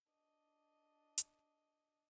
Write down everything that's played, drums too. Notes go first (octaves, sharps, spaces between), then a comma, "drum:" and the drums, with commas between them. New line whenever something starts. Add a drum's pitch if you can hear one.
D4 D#5
drum: hi-hat